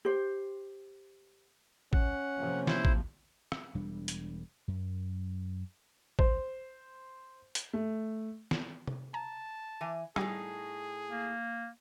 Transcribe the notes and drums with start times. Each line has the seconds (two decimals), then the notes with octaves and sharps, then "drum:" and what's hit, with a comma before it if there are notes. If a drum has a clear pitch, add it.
0.05 G4 C5
1.93 C#4 F#5, drum: kick
2.37 C3 F3 A#3
2.67 E4 C5, drum: snare
2.85 drum: kick
3.52 drum: rim click
3.75 E1 G3 D4
4.08 drum: hi-hat
4.68 F#2
6.19 C5, drum: kick
7.55 drum: hi-hat
7.73 A3
8.51 drum: snare
8.87 drum: tom C3
9.14 A5 A#5
9.81 E3 G#5
10.16 A2 G3 D#4 G#4 G#5, drum: rim click
11.11 A#3